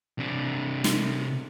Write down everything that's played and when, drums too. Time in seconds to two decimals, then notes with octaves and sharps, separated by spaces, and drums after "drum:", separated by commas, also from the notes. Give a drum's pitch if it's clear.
0.19 C3 D4
0.84 drum: snare